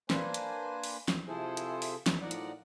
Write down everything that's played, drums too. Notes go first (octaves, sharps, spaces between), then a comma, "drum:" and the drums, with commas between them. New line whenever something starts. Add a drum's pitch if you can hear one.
A#3 D4 B4 C5 G#5, drum: snare
drum: hi-hat
drum: open hi-hat
drum: snare
C3 F3 E4 G#4 A4 C5
drum: hi-hat
drum: open hi-hat
drum: snare
A2 F3 D#4 A#4 D5 F#5
drum: hi-hat